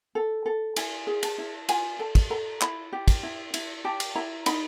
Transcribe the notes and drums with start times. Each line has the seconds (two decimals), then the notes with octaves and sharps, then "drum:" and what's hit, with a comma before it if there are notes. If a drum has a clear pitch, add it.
0.15 A4
0.46 A4
0.76 E4 G#5, drum: cymbal
1.07 G#4
1.23 A5, drum: cymbal
1.38 E4
1.69 F4 G#5, drum: cymbal
1.99 A4 A5
2.15 drum: kick, cymbal
2.30 A4 A#5
2.61 E4 B5, drum: clap
2.93 G4
3.08 drum: kick, cymbal
3.23 E4
3.54 E4, drum: cymbal
3.85 G4 A5
4.00 drum: cymbal
4.15 E4 A#5
4.46 D#4 B5, drum: cymbal